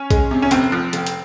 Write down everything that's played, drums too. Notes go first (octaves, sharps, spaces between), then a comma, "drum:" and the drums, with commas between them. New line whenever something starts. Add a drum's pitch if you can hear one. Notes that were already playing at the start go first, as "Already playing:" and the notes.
Already playing: C#4
G#3, drum: kick B1, hi-hat
C3
C#4
F1 C4, drum: hi-hat
F3
F1, drum: hi-hat
drum: hi-hat